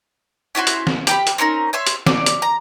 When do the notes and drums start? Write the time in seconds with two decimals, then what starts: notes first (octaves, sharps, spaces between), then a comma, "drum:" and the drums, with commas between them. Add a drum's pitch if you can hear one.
0.55 C#4 E4 F#4 C5
0.67 drum: hi-hat
0.87 drum: snare
1.07 G4 A#5 B5, drum: hi-hat
1.27 drum: hi-hat
1.38 C4 C#4 D#4 A#4
1.73 C#5 E5 C6
1.87 drum: hi-hat
2.06 D5, drum: snare
2.26 drum: hi-hat
2.42 A#5